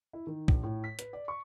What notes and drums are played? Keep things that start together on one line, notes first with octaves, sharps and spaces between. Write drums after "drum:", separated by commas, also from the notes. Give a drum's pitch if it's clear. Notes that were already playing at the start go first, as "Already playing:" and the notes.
E4
D#3
A#1, drum: kick B1
A2
B6
B4, drum: hi-hat
D5
C#6